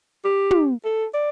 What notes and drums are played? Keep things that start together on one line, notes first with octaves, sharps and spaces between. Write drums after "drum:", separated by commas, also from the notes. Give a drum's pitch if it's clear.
G4
drum: tom
A4
D5